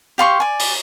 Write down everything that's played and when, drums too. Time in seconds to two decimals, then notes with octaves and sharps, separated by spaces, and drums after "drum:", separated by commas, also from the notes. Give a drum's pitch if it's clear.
0.18 G4 F5 C6 C#6
0.40 D5 G#5
0.59 drum: open hi-hat